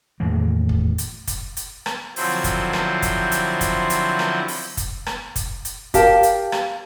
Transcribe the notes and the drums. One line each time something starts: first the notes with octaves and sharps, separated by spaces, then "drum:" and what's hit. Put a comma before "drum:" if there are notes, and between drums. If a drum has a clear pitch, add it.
E2 A2 D#3 A#3
drum: kick
drum: hi-hat
drum: kick, hi-hat
drum: hi-hat
drum: rim click
D3 F3 F#3 C4 E4 C5, drum: open hi-hat
drum: kick, hi-hat
drum: rim click
drum: kick, hi-hat
drum: hi-hat
drum: kick, hi-hat
drum: hi-hat
drum: rim click
drum: open hi-hat
drum: kick, hi-hat
drum: rim click
drum: kick, hi-hat
drum: hi-hat
G4 A#4 F5 A5, drum: kick, hi-hat
drum: hi-hat
drum: rim click